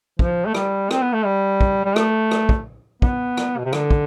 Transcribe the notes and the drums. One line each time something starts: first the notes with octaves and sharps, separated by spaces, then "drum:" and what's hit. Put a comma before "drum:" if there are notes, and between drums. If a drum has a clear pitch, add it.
F3, drum: kick
A3
G3, drum: rim click
C4, drum: rim click
B3
A3
G3
drum: kick
G3
A3, drum: rim click
drum: rim click
drum: kick
B3, drum: kick
drum: rim click
B2
C3
D3, drum: rim click
drum: kick